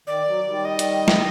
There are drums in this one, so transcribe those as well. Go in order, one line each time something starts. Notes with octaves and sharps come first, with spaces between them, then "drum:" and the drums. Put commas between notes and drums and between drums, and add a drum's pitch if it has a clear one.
D#3 D5
F#3
D#3 G3
D#5
drum: hi-hat
drum: snare